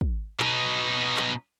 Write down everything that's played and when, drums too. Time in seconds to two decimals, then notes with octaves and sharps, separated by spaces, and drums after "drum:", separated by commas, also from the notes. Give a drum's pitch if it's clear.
0.01 drum: kick
0.40 B2 D#4, drum: clap
1.17 drum: clap